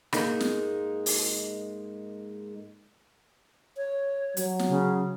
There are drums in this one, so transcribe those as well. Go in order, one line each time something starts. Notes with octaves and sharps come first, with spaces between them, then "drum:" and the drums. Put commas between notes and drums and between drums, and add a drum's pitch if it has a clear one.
G#2 G#3 A#3 D#4 G#4, drum: rim click
drum: snare
drum: open hi-hat
C#5
F#3, drum: hi-hat
drum: snare
C#3